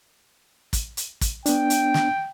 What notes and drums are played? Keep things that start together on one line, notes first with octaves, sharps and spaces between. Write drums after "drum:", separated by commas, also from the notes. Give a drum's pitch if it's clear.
drum: kick, hi-hat
drum: hi-hat
drum: kick, hi-hat
B3 D4 G5, drum: hi-hat
drum: hi-hat
drum: snare